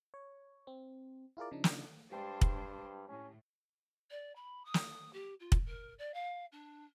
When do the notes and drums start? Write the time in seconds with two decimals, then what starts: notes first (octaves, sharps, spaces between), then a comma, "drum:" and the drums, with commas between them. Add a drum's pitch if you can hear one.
0.14 C#5
0.67 C4
1.37 E4 F4 G#4 A#4 D5
1.51 C#3 F3 D4 D#4
1.64 drum: snare
2.12 G2 G#3 D4 G4 C5 G5 A5
2.41 drum: kick
3.08 A2 C#4
4.10 D5
4.35 B5
4.65 D#6
4.74 drum: snare
5.13 G4
5.40 F4
5.52 drum: kick
5.66 A#4
5.98 D5
6.14 F5
6.52 D4